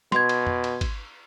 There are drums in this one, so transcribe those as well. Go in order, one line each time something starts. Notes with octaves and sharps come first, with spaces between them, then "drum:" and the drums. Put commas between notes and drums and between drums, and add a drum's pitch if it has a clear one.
B2 C6 G#6, drum: snare
drum: cymbal
drum: tom F2
drum: cymbal
drum: kick G#1, cymbal